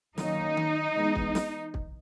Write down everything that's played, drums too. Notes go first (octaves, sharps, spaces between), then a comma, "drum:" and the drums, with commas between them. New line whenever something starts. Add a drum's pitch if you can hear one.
D#3 F#3 A#3 C#4 D#4, drum: snare
drum: tom D#3
E3 G#3 B3
drum: kick
drum: snare
drum: kick